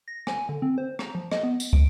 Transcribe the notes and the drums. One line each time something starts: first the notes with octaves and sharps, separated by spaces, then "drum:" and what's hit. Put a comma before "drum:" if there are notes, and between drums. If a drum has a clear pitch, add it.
A#6
G#5, drum: rim click
D3
C4
C5
A#5, drum: rim click
F3
D#5, drum: rim click
B3
drum: tambourine
D7, drum: kick